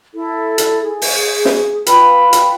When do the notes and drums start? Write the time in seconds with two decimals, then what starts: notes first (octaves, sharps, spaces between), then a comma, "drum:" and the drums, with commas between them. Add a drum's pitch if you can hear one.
0.14 E4 A4
0.58 drum: hi-hat
0.83 G#4
1.02 drum: open hi-hat
1.45 drum: snare
1.86 F4 B4 G5 B5, drum: hi-hat
2.33 drum: hi-hat